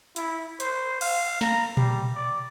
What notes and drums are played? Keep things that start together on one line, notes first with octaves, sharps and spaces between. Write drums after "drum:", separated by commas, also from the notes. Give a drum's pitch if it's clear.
E4, drum: hi-hat
C5, drum: hi-hat
F5, drum: cymbal
A#5, drum: snare
G3, drum: tom A#2
D5